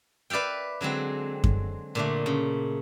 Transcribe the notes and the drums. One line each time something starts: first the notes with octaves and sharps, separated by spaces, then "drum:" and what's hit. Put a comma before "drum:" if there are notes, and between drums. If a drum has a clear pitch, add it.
B4 D5 E5 F5 G5
D3 F#3 G#3 C4
drum: kick F#2
A#2 D3 A3
C#3